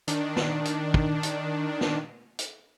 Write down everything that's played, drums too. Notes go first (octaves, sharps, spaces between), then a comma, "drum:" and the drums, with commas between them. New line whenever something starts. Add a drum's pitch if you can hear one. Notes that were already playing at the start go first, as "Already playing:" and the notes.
D#3 D4, drum: hi-hat
drum: snare
drum: hi-hat
drum: kick
drum: hi-hat
drum: snare
drum: hi-hat